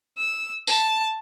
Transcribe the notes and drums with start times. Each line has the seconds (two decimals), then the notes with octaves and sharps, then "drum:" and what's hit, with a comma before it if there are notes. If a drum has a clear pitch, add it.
0.18 E6
0.67 A5, drum: tambourine